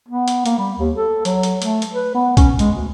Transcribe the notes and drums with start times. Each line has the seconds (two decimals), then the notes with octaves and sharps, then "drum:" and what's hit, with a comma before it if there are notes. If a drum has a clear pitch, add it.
0.08 B3
0.28 drum: hi-hat
0.46 A#3, drum: hi-hat
0.58 G3
0.78 D#2
0.96 A4
1.25 F#3, drum: hi-hat
1.43 drum: hi-hat
1.62 A3, drum: hi-hat
1.82 drum: hi-hat
1.93 B4
2.15 B3
2.37 C#4, drum: kick, hi-hat
2.59 G#3, drum: hi-hat
2.75 D2